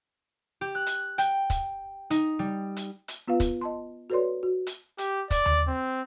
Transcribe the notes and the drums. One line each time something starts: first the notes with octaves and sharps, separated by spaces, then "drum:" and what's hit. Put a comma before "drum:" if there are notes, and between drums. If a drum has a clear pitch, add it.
G4
F#6
drum: hi-hat
G5, drum: hi-hat
drum: kick, hi-hat
D#4, drum: hi-hat
G3
drum: hi-hat
drum: hi-hat
B3 F4 B4 F5
drum: kick, hi-hat
D#5 A5 C6
F#4 A4 B4 C#5 D5 C6
F#4
drum: hi-hat
G4, drum: hi-hat
D5, drum: kick, hi-hat
drum: tom D#2
C4